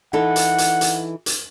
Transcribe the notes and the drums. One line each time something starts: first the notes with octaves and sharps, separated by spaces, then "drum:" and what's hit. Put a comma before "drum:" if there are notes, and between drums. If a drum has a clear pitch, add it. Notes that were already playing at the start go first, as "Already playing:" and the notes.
E3 D#4 A4 F#5
drum: hi-hat
drum: hi-hat
drum: hi-hat
drum: hi-hat